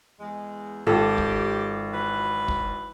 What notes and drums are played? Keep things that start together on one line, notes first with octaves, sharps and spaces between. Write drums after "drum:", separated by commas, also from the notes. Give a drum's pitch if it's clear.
E2 G#3
G#1 F4 G4 A4
drum: kick
E3 F#3 B4
drum: kick